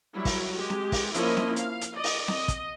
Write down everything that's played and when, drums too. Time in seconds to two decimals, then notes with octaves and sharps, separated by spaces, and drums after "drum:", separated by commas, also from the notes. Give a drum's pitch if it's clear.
0.14 F#3 G3 E4
0.25 drum: kick, open hi-hat
0.56 G#3 G4
0.70 drum: snare C4
0.92 drum: kick, open hi-hat
1.14 F3 A#3 C#4 E4 A#4 D#5, drum: hi-hat
1.37 drum: snare C4
1.56 F5, drum: hi-hat
1.81 drum: hi-hat
1.95 D5 D#5
2.04 drum: open hi-hat
2.28 D#5, drum: snare C4
2.48 drum: kick, hi-hat